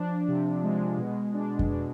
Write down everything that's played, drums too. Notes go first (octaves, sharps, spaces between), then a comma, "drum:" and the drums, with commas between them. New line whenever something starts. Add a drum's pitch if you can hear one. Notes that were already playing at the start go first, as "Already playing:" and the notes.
Already playing: F3 D4
C3
G#3
B2
D4
drum: kick F2
B2